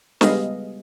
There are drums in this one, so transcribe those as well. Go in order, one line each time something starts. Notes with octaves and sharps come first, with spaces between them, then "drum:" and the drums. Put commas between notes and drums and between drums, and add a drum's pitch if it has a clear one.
G3 G#3 B3 G#4 D#5 F5, drum: snare